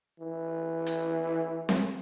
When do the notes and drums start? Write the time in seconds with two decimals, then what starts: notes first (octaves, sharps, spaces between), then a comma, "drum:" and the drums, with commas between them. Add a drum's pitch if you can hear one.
0.20 E3
0.86 drum: hi-hat
1.69 drum: snare C4